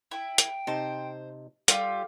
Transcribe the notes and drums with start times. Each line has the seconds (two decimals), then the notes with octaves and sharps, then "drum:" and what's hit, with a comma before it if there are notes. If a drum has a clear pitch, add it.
0.11 E4 G5
0.38 drum: hi-hat
0.67 C3 D#4 C5 A5
1.68 G3 F4 G4 A4, drum: hi-hat